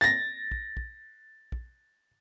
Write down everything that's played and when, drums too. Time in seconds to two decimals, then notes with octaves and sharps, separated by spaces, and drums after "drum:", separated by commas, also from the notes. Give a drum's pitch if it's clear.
0.01 A6 A#6
0.51 drum: kick
0.77 drum: kick
1.52 drum: kick